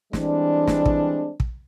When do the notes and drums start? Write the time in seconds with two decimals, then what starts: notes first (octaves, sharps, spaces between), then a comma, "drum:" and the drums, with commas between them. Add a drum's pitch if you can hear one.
0.13 E3 G3 G#3 C4 D4, drum: snare
0.67 drum: snare
0.86 drum: kick
1.40 drum: kick